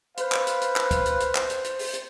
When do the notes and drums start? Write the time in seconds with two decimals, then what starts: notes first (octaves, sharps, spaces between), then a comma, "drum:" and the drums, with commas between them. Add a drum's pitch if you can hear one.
0.17 B4 C5 F5, drum: hi-hat
0.32 drum: clap
0.47 drum: hi-hat
0.61 drum: hi-hat
0.76 drum: clap
0.91 drum: kick, hi-hat
1.06 drum: hi-hat
1.20 drum: hi-hat
1.35 drum: clap
1.50 drum: hi-hat
1.64 drum: hi-hat
1.79 drum: open hi-hat
1.94 drum: hi-hat